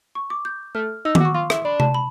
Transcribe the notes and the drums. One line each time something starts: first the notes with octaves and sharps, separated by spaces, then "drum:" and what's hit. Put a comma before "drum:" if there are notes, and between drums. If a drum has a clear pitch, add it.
C#6
D6
G6
A3 F6
D#4 E6
D6, drum: tom D#3
F#4
C#6
F4 C6
E4, drum: rim click
D4 B5
A5, drum: tom C3
B5